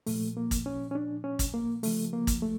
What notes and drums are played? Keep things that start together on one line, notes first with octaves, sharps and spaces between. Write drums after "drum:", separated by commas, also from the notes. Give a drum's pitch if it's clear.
A#2 F3 A3, drum: open hi-hat
A#3
drum: kick G#1, hi-hat
C#4
C#4
D4
C#4
drum: kick G#1, hi-hat
A#3
C#3 F3 A3, drum: open hi-hat
A#3
drum: kick G#1, hi-hat
A3